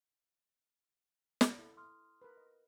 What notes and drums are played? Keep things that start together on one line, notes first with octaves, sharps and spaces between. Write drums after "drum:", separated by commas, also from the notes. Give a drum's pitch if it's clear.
drum: snare
E4 A4
C6 D#6 F6
A#4 B4
D#5